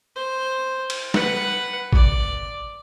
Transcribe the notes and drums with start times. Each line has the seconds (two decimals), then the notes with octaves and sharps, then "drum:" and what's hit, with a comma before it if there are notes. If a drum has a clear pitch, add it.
0.16 C5
0.90 drum: cymbal
1.14 B4 F#5, drum: snare
1.93 D5, drum: kick